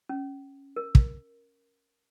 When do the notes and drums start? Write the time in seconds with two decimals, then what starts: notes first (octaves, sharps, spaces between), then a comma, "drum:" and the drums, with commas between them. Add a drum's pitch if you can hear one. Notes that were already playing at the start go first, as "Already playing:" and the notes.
0.09 C#4
0.76 A#4
0.95 drum: kick